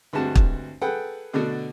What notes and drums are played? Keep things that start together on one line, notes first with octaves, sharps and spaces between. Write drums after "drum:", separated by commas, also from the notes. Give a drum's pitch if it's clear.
D2 G2 G#3 C4 F#4 A5
drum: kick
G#4 A4 B4 F#5 G5
B2 D3 A3 D4 F#4 A4